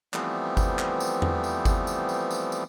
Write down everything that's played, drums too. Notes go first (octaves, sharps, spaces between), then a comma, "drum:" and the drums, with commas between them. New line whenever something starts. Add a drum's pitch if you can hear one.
E3 F3 G3 A3 B3 C4, drum: clap
drum: kick G1, tambourine
drum: clap
drum: tambourine
drum: tom E2
drum: tambourine
drum: kick G1, tambourine
drum: tambourine
drum: tambourine
drum: tambourine
drum: tambourine